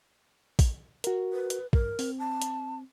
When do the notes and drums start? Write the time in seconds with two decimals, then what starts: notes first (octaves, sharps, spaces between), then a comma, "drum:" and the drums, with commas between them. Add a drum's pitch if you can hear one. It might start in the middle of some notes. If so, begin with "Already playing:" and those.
0.59 drum: kick, open hi-hat
1.04 F#4 A#4, drum: hi-hat
1.32 B4
1.50 drum: hi-hat
1.73 G2 A#4, drum: kick
1.99 C4, drum: open hi-hat
2.19 A5
2.42 drum: hi-hat